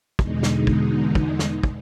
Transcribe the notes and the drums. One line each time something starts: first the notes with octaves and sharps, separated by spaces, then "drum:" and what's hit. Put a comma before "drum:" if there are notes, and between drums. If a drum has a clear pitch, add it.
E2 B2 D3 G#3 D#4, drum: kick
drum: snare
drum: kick
drum: kick
drum: snare
drum: kick